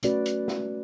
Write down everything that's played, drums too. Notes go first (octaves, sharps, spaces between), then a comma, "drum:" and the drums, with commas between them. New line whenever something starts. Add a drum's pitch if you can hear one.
A3 C#4 F#4 B4 D5, drum: hi-hat
drum: hi-hat
drum: snare